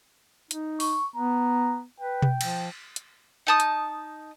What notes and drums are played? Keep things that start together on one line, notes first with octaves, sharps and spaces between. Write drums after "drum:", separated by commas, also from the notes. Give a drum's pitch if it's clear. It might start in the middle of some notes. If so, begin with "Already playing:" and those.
D#4, drum: hi-hat
C#6, drum: open hi-hat
B3 A#5
B4 G5
drum: tom B2
F3, drum: cymbal
drum: hi-hat
D#4 A5 D#6
drum: hi-hat